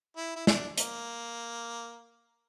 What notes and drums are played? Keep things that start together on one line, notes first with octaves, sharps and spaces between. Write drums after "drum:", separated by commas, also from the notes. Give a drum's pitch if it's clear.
E4
E4
D4, drum: snare
A#3, drum: hi-hat